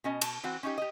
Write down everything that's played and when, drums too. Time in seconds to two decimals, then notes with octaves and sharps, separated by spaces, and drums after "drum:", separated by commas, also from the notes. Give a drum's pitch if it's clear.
0.04 B2 C#4 D#5
0.21 B2 A5, drum: cymbal
0.44 E3 C4 F#4
0.63 C#4 D#4 G4
0.78 G4 D#5